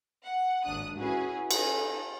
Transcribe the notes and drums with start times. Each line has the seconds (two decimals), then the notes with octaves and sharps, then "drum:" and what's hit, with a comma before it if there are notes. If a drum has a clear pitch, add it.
0.23 F#5
0.63 G#1 D#2 D4 D#6 F#6
0.98 C#4 E4 F#4 G#4 B4
1.51 C#4 D#4 F4 G#4 A4 B4, drum: cymbal